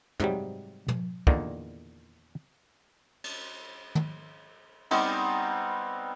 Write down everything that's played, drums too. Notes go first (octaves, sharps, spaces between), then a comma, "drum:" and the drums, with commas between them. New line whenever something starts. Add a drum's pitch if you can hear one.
G#2 C3 F#3 G3, drum: tom
drum: tom
E2 A#2 D3 D#3 A#3, drum: kick
drum: cymbal
drum: tom
G3 B3 C4 D#4, drum: cymbal